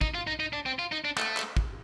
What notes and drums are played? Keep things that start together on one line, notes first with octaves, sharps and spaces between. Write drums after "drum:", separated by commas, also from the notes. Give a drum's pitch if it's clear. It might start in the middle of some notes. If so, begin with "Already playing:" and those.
D#4, drum: kick
F4
D#4
D#4
D4
C4
F4
D#4
D4
A3, drum: clap
drum: clap
drum: kick